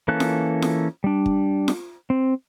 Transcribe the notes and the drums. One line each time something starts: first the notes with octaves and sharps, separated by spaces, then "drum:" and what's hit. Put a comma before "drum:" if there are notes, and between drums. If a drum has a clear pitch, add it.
E3 A#3 C#4 A4 F#6
drum: snare
drum: snare
G3 D4
drum: kick
drum: snare
C4